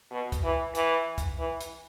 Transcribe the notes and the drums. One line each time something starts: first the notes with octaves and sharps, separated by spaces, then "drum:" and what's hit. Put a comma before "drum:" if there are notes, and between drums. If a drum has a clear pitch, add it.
B2
drum: kick, hi-hat
E3
E3, drum: hi-hat
drum: kick, hi-hat
E3
drum: hi-hat